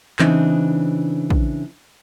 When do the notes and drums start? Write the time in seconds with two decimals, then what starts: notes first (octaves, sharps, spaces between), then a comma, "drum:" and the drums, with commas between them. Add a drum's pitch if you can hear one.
0.19 C#3 E3 C4 D4 D#4, drum: clap
1.30 drum: kick